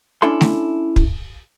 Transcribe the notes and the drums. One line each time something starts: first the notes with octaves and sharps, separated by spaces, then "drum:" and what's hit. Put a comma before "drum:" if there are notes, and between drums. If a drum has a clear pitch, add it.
C#4 D4 E4 A4 C6
drum: snare A3
drum: kick